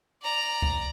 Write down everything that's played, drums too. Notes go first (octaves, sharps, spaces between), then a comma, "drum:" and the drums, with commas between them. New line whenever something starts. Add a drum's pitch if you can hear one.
D5 A#5
drum: kick C#2